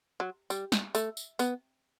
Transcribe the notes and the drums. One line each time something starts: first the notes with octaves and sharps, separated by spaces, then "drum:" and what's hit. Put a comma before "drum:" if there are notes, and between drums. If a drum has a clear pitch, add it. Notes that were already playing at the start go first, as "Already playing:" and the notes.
F#3
G3, drum: tambourine
drum: snare
A3, drum: tambourine
drum: tambourine
B3, drum: tambourine